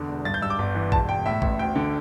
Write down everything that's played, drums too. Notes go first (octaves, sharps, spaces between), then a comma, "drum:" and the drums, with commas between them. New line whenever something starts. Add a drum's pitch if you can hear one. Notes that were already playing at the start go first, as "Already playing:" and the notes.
Already playing: E2 D3
E1
G2 A6
G6
G2 E6
D6
G1
E3
E1 A5, drum: kick A#1
E1 G5
A2 E5
A1, drum: kick A#1
D2 G5
D3